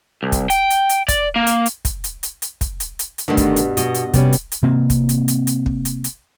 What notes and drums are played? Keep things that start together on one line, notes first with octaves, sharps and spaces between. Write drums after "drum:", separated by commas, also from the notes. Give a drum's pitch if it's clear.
C2
drum: kick, hi-hat
G5, drum: hi-hat
drum: hi-hat
drum: hi-hat
D5, drum: kick, hi-hat
A#3
drum: hi-hat
drum: hi-hat
drum: kick, hi-hat
drum: hi-hat
drum: hi-hat
drum: hi-hat
drum: kick, hi-hat
drum: hi-hat
drum: hi-hat
drum: hi-hat
G2 B2 D3 D#3 A3
drum: kick, hi-hat
drum: hi-hat
B2 D#5, drum: hi-hat
drum: hi-hat
C3 G3 B3 C#4, drum: kick, hi-hat
drum: hi-hat
drum: hi-hat
C3 A#3 C4
drum: kick, hi-hat
drum: hi-hat
drum: hi-hat
drum: hi-hat
drum: kick
drum: hi-hat
drum: hi-hat